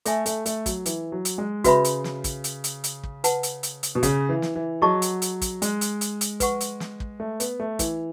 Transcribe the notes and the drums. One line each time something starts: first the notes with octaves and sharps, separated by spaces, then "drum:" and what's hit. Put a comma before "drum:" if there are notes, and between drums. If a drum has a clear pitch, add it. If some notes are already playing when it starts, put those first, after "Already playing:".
A3 A4 E5 G#5, drum: hi-hat
A3, drum: hi-hat
A3, drum: hi-hat
F#3, drum: kick, hi-hat
E3, drum: hi-hat
F#3
drum: hi-hat
G#3
C#3 F#4 B4 E5 B5, drum: kick, hi-hat
drum: hi-hat
drum: snare
drum: kick, hi-hat
drum: hi-hat
drum: hi-hat
drum: hi-hat
drum: kick
B4 F#5 A5, drum: hi-hat
drum: hi-hat
drum: hi-hat
drum: hi-hat
B2
C#3, drum: kick, hi-hat
E3
drum: snare
E3
F#3 G#4 D#5 A5 C#6
drum: hi-hat
drum: hi-hat
drum: kick, hi-hat
G#3, drum: hi-hat
drum: hi-hat
drum: hi-hat
drum: hi-hat
B4 F#5 C#6, drum: kick, hi-hat
drum: hi-hat
drum: snare
drum: kick
A3
B3, drum: hi-hat
A3
E3, drum: kick, hi-hat